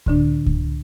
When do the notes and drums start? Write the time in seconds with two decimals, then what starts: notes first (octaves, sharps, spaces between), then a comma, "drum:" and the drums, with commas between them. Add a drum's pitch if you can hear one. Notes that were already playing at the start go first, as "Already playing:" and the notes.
0.06 A2 D3 D4, drum: kick C#2
0.46 drum: kick C#2